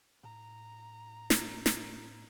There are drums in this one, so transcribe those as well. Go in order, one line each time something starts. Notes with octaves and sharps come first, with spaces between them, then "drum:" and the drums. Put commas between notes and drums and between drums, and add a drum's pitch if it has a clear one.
A2 A#5
drum: snare
drum: snare